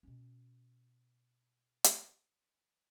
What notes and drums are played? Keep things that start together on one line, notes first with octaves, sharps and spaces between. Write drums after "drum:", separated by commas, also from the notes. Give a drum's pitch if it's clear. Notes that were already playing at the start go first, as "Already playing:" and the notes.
B2 C#4
drum: hi-hat